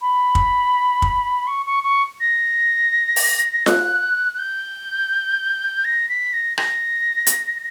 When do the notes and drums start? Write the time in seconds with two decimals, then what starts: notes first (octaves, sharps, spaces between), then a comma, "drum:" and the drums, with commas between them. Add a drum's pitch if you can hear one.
0.01 B5
0.35 drum: kick
1.02 drum: kick
1.47 C#6
1.66 C#6
1.83 C#6
2.20 A#6
3.16 drum: open hi-hat
3.66 F#6, drum: snare F4
4.35 F#6
4.39 G6
5.84 A#6
6.09 B6
6.33 A#6
6.58 A#6, drum: rim click
7.27 drum: hi-hat